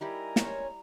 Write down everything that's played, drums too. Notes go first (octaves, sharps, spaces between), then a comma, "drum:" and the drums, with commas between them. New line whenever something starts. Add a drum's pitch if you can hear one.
G3 D#4 E4 G4 A#4 G#5 A#5
C#4 C5 C#5, drum: snare